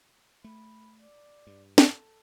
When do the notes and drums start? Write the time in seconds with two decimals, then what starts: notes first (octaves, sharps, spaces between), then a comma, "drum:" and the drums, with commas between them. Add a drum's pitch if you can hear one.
0.44 A3 B5
1.00 D5
1.47 G2
1.78 A4, drum: snare